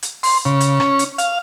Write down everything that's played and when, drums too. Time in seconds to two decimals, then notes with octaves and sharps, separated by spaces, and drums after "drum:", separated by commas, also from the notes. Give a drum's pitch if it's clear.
0.03 drum: hi-hat
0.23 C6, drum: open hi-hat
0.45 C#3
0.60 drum: hi-hat
0.80 C#4, drum: rim click
0.99 drum: hi-hat
1.18 F5, drum: hi-hat